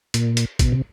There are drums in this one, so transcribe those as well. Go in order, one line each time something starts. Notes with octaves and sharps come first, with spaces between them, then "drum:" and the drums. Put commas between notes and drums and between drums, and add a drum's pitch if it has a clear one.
A#2, drum: hi-hat
drum: hi-hat
B2, drum: kick, hi-hat
C3